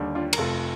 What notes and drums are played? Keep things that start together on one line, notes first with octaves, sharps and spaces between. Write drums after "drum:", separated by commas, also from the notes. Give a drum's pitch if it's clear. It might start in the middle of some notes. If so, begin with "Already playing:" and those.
Already playing: D#2 D3 G3
D4 F4
A#4, drum: cymbal
F1 F4 A4